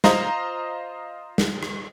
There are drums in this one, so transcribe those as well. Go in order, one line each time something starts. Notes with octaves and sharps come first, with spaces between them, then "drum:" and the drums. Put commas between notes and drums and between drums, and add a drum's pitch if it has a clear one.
F4 C5 D#5 A#5, drum: snare
drum: snare
drum: rim click